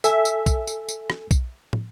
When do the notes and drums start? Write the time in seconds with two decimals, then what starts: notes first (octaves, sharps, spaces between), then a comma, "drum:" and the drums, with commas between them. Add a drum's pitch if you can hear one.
0.04 A4 E5 G#5, drum: tambourine
0.25 drum: tambourine
0.46 drum: kick, tambourine
0.67 drum: tambourine
0.89 drum: tambourine
1.10 drum: rim click
1.31 drum: kick, tambourine
1.73 drum: tom